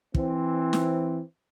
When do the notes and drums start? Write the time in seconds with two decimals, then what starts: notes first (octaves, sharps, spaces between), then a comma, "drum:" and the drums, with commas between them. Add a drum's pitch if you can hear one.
0.15 E3 C4, drum: kick
0.73 drum: snare